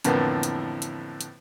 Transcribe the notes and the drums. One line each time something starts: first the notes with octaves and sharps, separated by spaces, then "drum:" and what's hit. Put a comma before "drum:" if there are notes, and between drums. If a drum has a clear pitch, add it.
F2 A2 D3 E3 A#3 B3, drum: hi-hat
drum: hi-hat
drum: hi-hat
drum: hi-hat